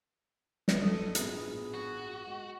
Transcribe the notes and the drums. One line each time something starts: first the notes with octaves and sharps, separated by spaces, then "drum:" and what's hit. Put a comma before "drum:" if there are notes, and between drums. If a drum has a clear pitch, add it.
drum: snare
G1 F#3 A4 D#5
A1 G2 A#2 B3 G#4, drum: hi-hat
F#4
G#3